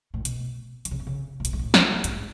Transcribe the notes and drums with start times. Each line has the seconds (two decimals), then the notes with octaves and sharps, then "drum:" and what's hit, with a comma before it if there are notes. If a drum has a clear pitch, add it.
0.14 A2
0.25 B2, drum: hi-hat
0.85 D#3, drum: hi-hat
0.91 C#3
1.00 B2
1.07 C#3
1.40 A2
1.45 B2, drum: hi-hat
1.53 G#2
1.59 A2
1.74 drum: snare
2.04 G#2, drum: hi-hat